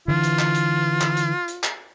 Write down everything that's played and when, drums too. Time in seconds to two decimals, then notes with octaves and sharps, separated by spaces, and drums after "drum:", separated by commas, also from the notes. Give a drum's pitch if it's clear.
0.08 D3 E3 F4
0.24 drum: hi-hat
0.39 drum: clap
0.55 drum: hi-hat
1.01 drum: clap
1.17 drum: hi-hat
1.48 drum: hi-hat
1.64 drum: clap